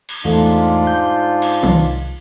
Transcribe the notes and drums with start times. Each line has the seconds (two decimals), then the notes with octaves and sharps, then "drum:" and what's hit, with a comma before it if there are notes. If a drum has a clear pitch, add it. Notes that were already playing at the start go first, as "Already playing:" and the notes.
0.09 drum: cymbal
0.25 E2 G#2 A3 D4 F4
0.87 G6
1.42 drum: cymbal
1.63 C2, drum: tom